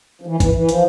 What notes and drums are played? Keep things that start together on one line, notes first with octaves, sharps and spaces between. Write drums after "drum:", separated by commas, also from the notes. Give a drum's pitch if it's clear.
F3
E3
E3, drum: kick, hi-hat
E3
F3, drum: hi-hat